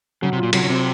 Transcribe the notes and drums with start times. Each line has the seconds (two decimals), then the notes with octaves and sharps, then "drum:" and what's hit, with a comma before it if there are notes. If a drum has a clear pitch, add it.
0.22 C#3 F#3
0.33 C3 F4
0.43 A#2
0.53 C3 F#3, drum: cymbal
0.63 C#3
0.69 C3 C4